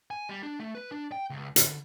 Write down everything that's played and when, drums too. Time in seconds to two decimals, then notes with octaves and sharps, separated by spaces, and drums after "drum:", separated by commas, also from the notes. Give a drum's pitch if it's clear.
0.11 G#5
0.29 G3
0.43 D4
0.60 A3
0.75 B4
0.92 D4
1.12 G5
1.30 C#2
1.56 D3, drum: hi-hat